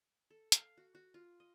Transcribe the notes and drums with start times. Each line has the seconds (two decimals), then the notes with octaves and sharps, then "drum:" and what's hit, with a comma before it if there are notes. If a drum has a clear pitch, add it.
0.30 A4
0.52 F5, drum: hi-hat
0.77 F#4
0.95 F#4
1.14 F4
1.40 D#5